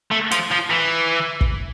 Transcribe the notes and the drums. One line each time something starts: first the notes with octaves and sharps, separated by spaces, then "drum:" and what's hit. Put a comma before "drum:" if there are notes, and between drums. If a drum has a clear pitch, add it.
A3
F3, drum: hi-hat
F3
E3
drum: kick